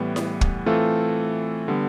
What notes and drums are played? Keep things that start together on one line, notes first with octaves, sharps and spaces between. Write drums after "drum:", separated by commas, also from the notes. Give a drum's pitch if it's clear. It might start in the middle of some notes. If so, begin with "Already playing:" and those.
Already playing: A2 E3 G3 B3
drum: snare E4
drum: kick
E3 A3 C4 F4 A4
D3 G3 B3